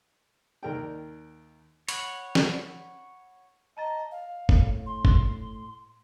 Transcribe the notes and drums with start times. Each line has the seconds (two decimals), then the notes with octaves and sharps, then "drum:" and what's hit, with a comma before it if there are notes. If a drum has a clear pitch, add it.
0.63 D#2 A#4 D5 G5
1.88 C#5 F#5 B5, drum: hi-hat
2.35 drum: snare
3.77 D#5 A5 A#5 A6
4.11 F5
4.49 A2, drum: kick
4.86 C6
5.05 drum: kick